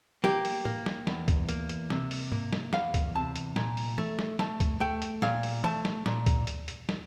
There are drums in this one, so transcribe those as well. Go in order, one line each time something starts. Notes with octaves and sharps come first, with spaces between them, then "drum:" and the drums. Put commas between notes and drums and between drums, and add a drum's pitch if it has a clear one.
A#3 G4, drum: snare
drum: open hi-hat
A#3, drum: tom
drum: snare
E2, drum: snare
drum: kick C#2, hi-hat
A#3, drum: hi-hat
drum: hi-hat
C3, drum: snare
drum: open hi-hat
A#3, drum: tom G#2
drum: snare
E2 F5, drum: snare
drum: kick C#2, hi-hat
C3 A5
drum: hi-hat
A#2, drum: snare
drum: open hi-hat
A3, drum: tom
drum: snare
A3 A5, drum: snare
drum: kick C#2, hi-hat
A3 G5
drum: hi-hat
A#2 F5, drum: snare
drum: open hi-hat
A3 A5, drum: tom
drum: snare
A#2, drum: snare
drum: kick C#2, hi-hat
drum: hi-hat
drum: hi-hat
drum: snare